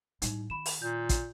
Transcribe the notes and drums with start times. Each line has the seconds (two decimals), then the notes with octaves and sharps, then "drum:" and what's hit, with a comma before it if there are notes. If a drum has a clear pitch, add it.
0.22 A2 G3 D#4, drum: hi-hat
0.50 D#3 B5 E7
0.66 drum: open hi-hat
0.82 A#2 G6
1.09 drum: kick, hi-hat